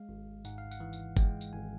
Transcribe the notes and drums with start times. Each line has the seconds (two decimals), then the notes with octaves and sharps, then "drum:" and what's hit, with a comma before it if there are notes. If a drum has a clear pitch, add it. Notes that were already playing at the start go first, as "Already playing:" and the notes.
Already playing: G#3 F5
0.09 G#1
0.45 G#2 F#5, drum: tambourine
0.58 F5
0.72 F#5, drum: tambourine
0.80 E3
0.93 drum: tambourine
1.17 G#3 G5, drum: kick G1, tambourine
1.41 drum: tambourine
1.53 G#1 G#5